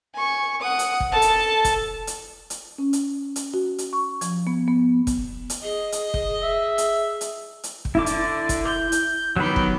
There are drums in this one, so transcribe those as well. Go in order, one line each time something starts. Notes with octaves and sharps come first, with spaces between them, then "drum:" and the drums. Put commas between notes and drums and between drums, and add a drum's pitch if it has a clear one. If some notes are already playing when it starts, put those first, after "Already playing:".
G#5 C#6
F#5 D#6
drum: hi-hat
drum: kick
A4 A5
drum: hi-hat
drum: kick, hi-hat
drum: hi-hat
drum: hi-hat
C#4
drum: hi-hat
drum: hi-hat
F#4
drum: hi-hat
C#6
F3, drum: hi-hat
B3
B3
drum: kick, hi-hat
drum: hi-hat
G#4 D#5
drum: hi-hat
drum: kick
E5
drum: hi-hat
drum: hi-hat
drum: hi-hat
drum: kick
D3 E4 D6
drum: hi-hat
drum: kick, hi-hat
G6
drum: hi-hat
D#3 F#3 B3 G4 B5
drum: kick